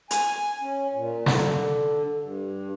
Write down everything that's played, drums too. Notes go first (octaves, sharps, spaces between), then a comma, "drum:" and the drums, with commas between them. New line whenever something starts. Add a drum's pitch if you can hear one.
G#5, drum: hi-hat
C#4
A#2
D3, drum: snare
G2